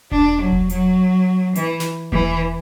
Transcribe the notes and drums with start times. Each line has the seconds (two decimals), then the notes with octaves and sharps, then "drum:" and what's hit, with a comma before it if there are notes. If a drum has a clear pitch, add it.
0.12 D4, drum: kick E1
0.41 F#3
0.52 drum: kick E1
0.70 F#3, drum: hi-hat
1.56 E3, drum: hi-hat
1.80 drum: snare
2.12 E3, drum: kick E1